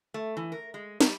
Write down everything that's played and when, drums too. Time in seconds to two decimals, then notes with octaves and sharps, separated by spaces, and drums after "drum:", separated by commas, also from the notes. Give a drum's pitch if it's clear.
0.14 A3
0.37 E3
0.52 A#4
0.74 G#3
1.01 G3, drum: snare